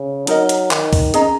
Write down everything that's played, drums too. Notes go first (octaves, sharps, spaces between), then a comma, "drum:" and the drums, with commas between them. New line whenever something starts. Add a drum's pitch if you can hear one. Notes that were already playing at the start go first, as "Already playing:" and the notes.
Already playing: C#3
F#3 D#4 A#4 D#5, drum: hi-hat
drum: hi-hat
D#3, drum: clap
drum: kick, open hi-hat
C#4 G#4 D#5 A#5, drum: hi-hat